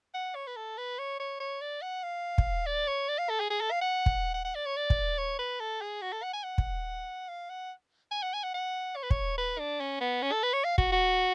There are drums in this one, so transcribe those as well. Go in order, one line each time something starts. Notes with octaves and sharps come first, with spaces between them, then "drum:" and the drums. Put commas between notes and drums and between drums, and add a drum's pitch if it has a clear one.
F#5
C#5
B4
A4
B4
C#5
C#5
C#5
D5
F#5
F5
drum: kick
D5
C#5
D5
F5
A4
G#4
G#4
A4
F5
F#5
drum: kick
F#5
F#5
D5
C#5
D5
drum: kick
C#5
B4
A4
G#4
F#4
A4
F#5
G#5
F#5
drum: kick
F5
F#5
G#5
F#5
G#5
F#5
F#5
C#5
B4
C#5, drum: kick
B4
D4
C#4
B3
C#4
A4
B4
C#5
F5
F#4, drum: kick
F#4